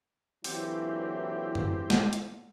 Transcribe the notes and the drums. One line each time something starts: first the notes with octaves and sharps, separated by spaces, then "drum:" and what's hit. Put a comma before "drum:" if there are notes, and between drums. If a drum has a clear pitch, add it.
A#2 D3 E3 F#3 C4 E4 G4, drum: open hi-hat
drum: tom F#2
drum: snare
drum: hi-hat